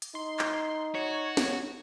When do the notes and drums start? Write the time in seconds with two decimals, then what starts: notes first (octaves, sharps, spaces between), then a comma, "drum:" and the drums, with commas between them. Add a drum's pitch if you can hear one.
0.02 drum: hi-hat
0.15 D#4 C6
0.39 drum: clap
0.95 F#4 C#5
1.37 drum: snare